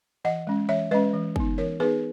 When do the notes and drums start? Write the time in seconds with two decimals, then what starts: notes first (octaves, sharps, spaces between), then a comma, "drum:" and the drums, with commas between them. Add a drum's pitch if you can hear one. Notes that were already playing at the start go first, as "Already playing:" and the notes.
0.25 E3 D#5 F#5
0.47 G#3 C#4
0.69 E3 C#5 E5
0.91 G#3 C#4 B4 D#5
1.14 E3
1.36 B3 D#4, drum: kick
1.58 E3 A#4 C#5
1.80 B3 D#4 G#4 B4